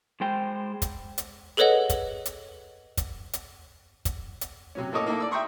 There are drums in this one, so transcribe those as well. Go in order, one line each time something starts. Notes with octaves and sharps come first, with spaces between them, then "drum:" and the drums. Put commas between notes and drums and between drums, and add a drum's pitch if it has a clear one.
G#3 C5 G5
drum: kick, hi-hat
drum: hi-hat
G#4 A4 B4 C#5 D#5 F#5
drum: kick, hi-hat
drum: hi-hat
drum: kick, hi-hat
drum: hi-hat
drum: kick, hi-hat
drum: hi-hat
C3 F#3 C#4
A2 A#3 A4 C#5 D#5 D6
A#3 D#4 E4 A4
D5 E6
E5 G5 A#5 C6 C#6 D#6